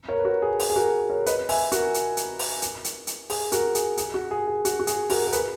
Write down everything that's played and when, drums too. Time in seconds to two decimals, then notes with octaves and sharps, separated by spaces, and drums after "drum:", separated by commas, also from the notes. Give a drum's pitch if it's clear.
0.08 A#4 C#5
0.19 B4
0.25 F#4 A#4
0.42 G#4
0.60 G#4, drum: open hi-hat
0.70 G#4
0.76 F#4 A#4
1.10 A#4 C#5
1.26 B4 D#5, drum: hi-hat
1.49 E5 G#5, drum: open hi-hat
1.72 F#4 A#4, drum: hi-hat
1.94 drum: hi-hat
2.17 drum: hi-hat
2.39 drum: open hi-hat
2.62 drum: hi-hat
2.84 drum: hi-hat
3.07 drum: hi-hat
3.30 G#4, drum: open hi-hat
3.52 F#4 A#4, drum: hi-hat
3.75 G#4, drum: hi-hat
3.97 G#4, drum: hi-hat
4.14 F#4
4.31 G#4
4.47 G#4
4.65 F#4, drum: hi-hat
4.80 F#4
4.87 G#4, drum: hi-hat
5.10 F#4 A#4, drum: open hi-hat
5.27 A#4
5.32 G#4 B4, drum: hi-hat